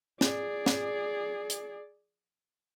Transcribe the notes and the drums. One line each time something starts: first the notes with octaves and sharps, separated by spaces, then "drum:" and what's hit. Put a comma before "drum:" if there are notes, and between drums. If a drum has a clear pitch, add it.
G#4 D5, drum: snare
drum: snare
drum: hi-hat